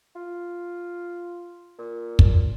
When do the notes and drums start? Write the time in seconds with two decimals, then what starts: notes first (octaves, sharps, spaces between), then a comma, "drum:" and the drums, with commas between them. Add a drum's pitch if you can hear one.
0.16 F4
1.78 A#2
2.19 drum: kick